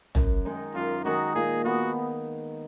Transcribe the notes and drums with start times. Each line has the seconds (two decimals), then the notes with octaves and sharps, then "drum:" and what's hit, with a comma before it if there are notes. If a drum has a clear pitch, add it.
0.15 F#2, drum: tom
0.45 D#3 G#3 D#4
0.75 F#2 F4
1.04 D#3 G#3 D#4 F#4
1.35 A#2 G#4
1.64 G#3 B3 F#4